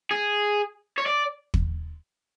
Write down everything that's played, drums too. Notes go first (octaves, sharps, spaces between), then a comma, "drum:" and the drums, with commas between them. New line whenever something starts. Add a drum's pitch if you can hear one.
G#4
C#5
D5
drum: kick